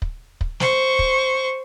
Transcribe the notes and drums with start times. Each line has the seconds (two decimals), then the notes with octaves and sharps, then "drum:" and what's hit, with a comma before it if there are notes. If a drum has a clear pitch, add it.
0.02 drum: kick
0.41 drum: kick
0.60 C5 C#6, drum: snare
0.99 drum: kick